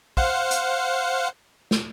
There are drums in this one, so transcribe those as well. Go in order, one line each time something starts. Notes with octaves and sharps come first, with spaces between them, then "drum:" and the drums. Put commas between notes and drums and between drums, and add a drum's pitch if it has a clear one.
C5 F5 F#5, drum: kick
drum: hi-hat
drum: snare